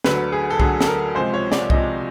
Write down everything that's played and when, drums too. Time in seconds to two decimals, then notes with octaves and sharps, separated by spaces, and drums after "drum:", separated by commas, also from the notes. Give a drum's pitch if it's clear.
0.04 D2 D3 F#3 B4, drum: snare
0.32 G#4
0.50 A4
0.60 D2 D3 F#3 G#4, drum: kick C2
0.81 A4, drum: snare
0.88 A#4
1.15 C#2 C3 F3 G#3 C5
1.34 C#5
1.52 D5, drum: snare
1.70 C#2 C3 F3 G#3 D#5, drum: kick C2